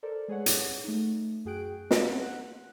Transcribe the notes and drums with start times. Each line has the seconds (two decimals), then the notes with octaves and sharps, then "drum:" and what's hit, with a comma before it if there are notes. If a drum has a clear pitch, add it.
0.03 A4 A#4 C5 D5
0.28 G#3 G#4 B4 C#5 F#5
0.46 drum: hi-hat
0.84 A3 D#4
1.45 F#2 F#4 G#4 G5 F#6 D7
1.91 D#5 F5 F#5 A#5 C6, drum: snare
2.21 F#5 F#6